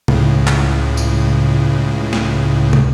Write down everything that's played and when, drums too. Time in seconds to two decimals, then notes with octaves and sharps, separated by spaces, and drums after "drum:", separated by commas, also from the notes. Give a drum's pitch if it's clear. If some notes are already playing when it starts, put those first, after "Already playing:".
0.08 C#2 A2 C#3, drum: tom B2
0.47 drum: clap
0.97 drum: tambourine
2.13 drum: snare
2.73 drum: tom